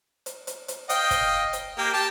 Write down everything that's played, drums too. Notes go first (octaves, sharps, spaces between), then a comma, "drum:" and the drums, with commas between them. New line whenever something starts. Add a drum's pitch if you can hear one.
drum: hi-hat
drum: hi-hat
drum: hi-hat
D#5 F5 G5, drum: hi-hat
drum: kick, hi-hat
drum: hi-hat
A#3 G4
G4 A5